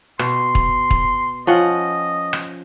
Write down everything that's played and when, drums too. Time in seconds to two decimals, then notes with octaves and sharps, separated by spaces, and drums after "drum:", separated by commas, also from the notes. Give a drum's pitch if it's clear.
0.19 B2 C6, drum: rim click
0.55 drum: kick
0.91 drum: kick
1.47 F3 C#4 D#5 F#5
2.33 drum: rim click